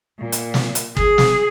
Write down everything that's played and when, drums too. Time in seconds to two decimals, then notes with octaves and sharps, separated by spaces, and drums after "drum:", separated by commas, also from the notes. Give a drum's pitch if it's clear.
0.20 A#2
0.32 drum: hi-hat
0.54 drum: snare
0.75 drum: hi-hat
0.97 G#4, drum: kick
1.18 drum: snare